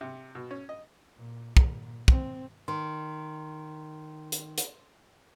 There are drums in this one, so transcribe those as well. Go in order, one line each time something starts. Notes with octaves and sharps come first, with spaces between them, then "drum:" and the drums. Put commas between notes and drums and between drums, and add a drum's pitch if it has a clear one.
C3
B2
C#4
D#5
A#2
A#2, drum: kick
C4, drum: kick
D#3 C6
drum: hi-hat
drum: hi-hat